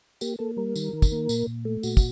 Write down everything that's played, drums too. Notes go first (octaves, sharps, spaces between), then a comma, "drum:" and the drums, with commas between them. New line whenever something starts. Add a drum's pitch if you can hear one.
A#3 G4, drum: tambourine
A#3 A4
G3 A#4
D#3, drum: tambourine
D#3
drum: kick, tambourine
A#3
A#2, drum: tambourine
A#2
A3
A#2 F#4, drum: tambourine
drum: kick, tambourine